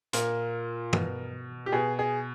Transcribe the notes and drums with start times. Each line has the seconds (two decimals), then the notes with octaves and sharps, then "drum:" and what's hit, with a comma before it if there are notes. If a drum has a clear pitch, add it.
0.13 A#2 A#4, drum: hi-hat
0.93 B2, drum: tom
1.66 G4
1.72 B2 G#4
1.99 G#4